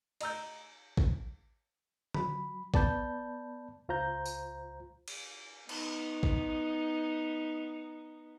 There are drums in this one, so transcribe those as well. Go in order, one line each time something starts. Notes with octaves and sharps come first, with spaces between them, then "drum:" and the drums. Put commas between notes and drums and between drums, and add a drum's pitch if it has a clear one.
D#5 A#5 E6 G6, drum: cymbal
drum: kick A1
F#3 B5, drum: tom D3
B3 D5 A5 B5 G6, drum: kick A1
C#2 F4 C5 A#5 G6
drum: tambourine
drum: cymbal
B3 D#4, drum: cymbal
drum: kick A1